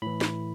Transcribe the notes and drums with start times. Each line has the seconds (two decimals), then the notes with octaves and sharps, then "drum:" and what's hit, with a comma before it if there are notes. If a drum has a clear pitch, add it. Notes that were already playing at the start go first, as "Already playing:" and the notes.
0.02 A2 E3 B5
0.21 drum: snare